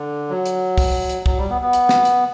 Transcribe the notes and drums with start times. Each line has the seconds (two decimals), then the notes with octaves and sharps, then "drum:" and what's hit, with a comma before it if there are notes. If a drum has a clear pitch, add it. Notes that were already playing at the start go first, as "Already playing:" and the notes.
Already playing: D3
0.30 F#3
0.46 drum: hi-hat
0.78 drum: kick, open hi-hat
1.09 drum: hi-hat
1.26 F#3, drum: kick
1.37 G3
1.50 B3
1.61 B3
1.73 drum: hi-hat
1.89 drum: snare
2.05 drum: hi-hat